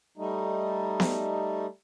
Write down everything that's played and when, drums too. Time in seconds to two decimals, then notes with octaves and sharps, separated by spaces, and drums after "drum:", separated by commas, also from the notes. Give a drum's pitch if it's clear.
0.18 G3 A3 D#4
1.00 drum: snare B3